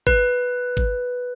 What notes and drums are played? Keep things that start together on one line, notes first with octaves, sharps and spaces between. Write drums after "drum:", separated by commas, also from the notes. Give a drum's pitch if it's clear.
B4, drum: kick G#1
drum: kick G#1